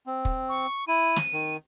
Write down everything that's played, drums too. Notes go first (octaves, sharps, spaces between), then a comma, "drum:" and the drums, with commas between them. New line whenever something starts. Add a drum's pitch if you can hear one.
C4
drum: kick
C#6
E4 D#7
drum: snare
D#3